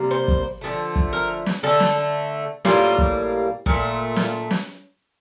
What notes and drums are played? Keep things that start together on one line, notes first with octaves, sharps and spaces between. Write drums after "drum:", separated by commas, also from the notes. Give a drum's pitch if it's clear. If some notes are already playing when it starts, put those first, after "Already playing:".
Already playing: C3 G3 A#3
C5
drum: kick
D3 F3 A3
drum: kick
A#4
drum: snare
D3 A3 A4
drum: snare
A2 G3 A#3 F4, drum: snare
drum: kick
A#2 A3, drum: kick
F4, drum: snare
drum: snare